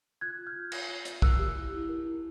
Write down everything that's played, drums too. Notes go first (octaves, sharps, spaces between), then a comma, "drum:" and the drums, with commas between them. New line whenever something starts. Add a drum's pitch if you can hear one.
F4 F#6 G#6
F4
F6 G6
F4
F4, drum: cymbal
F4
F4, drum: hi-hat
A#4 E6 F#6, drum: kick
G4
E4
E4
A#4
E4